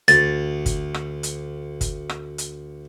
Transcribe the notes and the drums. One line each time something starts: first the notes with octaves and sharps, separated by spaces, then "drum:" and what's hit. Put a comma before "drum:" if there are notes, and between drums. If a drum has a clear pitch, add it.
D2 A6, drum: hi-hat
drum: kick, hi-hat
drum: rim click
drum: hi-hat
drum: kick, hi-hat
drum: rim click
drum: hi-hat